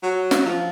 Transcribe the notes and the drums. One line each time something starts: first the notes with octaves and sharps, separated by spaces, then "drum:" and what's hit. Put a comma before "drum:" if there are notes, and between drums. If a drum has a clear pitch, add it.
F#3
drum: snare
F3